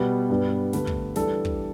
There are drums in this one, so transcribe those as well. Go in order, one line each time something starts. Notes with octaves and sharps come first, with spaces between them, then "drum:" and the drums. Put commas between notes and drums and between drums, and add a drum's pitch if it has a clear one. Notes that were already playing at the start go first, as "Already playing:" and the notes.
Already playing: B2 G3 B3
G2 G3 B3
D3 A3 G4 B4, drum: snare
drum: kick
E3 G3 D4 A4, drum: snare
drum: kick